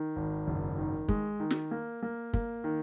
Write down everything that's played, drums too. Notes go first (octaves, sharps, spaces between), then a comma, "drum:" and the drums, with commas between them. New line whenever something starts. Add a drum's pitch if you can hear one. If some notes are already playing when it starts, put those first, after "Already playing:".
Already playing: D#3
G#1
F#1
D#3
G#3, drum: kick
D#3
drum: snare
A#3
A#3
A#3, drum: kick
D#3